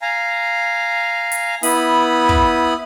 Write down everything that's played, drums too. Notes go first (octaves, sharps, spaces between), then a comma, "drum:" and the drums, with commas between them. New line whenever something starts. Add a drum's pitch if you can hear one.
F5 G#5 A#5
drum: hi-hat
B3 E4 B5 D#6, drum: open hi-hat
drum: kick